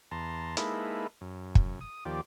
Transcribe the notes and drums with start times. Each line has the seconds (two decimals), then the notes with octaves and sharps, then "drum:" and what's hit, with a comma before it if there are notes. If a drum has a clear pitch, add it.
0.11 E2 A5 A#5 C6
0.57 G#3 A#3 D#4 E4 A4 B4, drum: hi-hat
1.21 F#2
1.55 drum: kick
1.81 D#6
2.05 D#2 F3 G4 D5